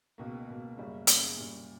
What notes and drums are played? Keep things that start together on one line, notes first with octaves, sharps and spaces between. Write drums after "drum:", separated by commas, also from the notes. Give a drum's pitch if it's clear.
C#2 B2 A#3
C#2 B2 A#3
F#2 C#3 G3 A#3 C#4
F#2 C#3 G3 A#3 C#4, drum: hi-hat
A#2 G3 C#4